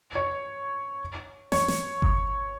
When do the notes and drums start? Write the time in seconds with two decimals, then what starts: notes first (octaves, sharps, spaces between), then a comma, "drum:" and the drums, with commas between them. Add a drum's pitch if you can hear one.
0.15 C#5
1.52 C#5, drum: snare
1.68 drum: snare
2.02 drum: kick G1